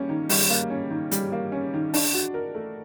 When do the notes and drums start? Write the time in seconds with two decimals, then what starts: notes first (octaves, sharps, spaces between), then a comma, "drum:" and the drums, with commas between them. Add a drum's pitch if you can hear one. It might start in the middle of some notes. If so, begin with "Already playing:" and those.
Already playing: G3 A#3 C#4
0.09 D#3
0.29 G3, drum: open hi-hat
0.50 A#3
0.70 C#4
0.91 D#3
1.11 G3, drum: hi-hat
1.32 A#3
1.52 C#4
1.74 D#3
1.94 D4, drum: open hi-hat
2.14 F#4
2.34 A#4
2.55 A3